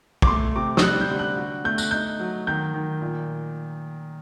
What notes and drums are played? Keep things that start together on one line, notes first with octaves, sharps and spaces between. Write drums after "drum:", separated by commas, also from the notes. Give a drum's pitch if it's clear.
D6, drum: kick
A3 C6
C3 D6
D#6, drum: snare
G3 F#6
G6
D3
F#6
F#4
A3 G6
F#6, drum: tambourine
D#4 G6
F#3
D#3 G6
D#3
A#2